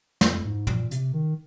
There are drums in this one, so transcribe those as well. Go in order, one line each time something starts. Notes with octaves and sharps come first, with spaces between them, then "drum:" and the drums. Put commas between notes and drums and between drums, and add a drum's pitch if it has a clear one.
F2, drum: snare
G#2
A#2, drum: tom
C3, drum: hi-hat
D#3